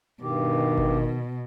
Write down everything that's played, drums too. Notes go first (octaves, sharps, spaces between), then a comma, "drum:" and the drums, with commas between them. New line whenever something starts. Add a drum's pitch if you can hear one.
G2 B2 D#3 G4
drum: kick G1